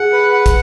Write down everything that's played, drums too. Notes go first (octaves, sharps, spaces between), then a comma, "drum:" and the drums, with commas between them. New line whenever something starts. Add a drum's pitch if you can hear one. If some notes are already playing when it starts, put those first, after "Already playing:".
Already playing: G#4 F#5
B4
F#5
drum: kick, hi-hat